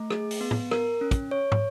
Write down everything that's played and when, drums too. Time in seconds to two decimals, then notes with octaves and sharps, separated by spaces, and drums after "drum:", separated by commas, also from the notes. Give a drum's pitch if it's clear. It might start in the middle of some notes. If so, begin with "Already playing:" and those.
Already playing: A3
0.10 G#4, drum: rim click
0.31 drum: open hi-hat
0.41 B3
0.51 drum: tom A2
0.71 A#4, drum: rim click
1.01 C#4
1.11 drum: kick, hi-hat
1.31 C#5
1.52 drum: tom